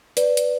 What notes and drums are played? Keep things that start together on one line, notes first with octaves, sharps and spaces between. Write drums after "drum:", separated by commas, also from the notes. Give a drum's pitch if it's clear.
B4 D5, drum: hi-hat
drum: hi-hat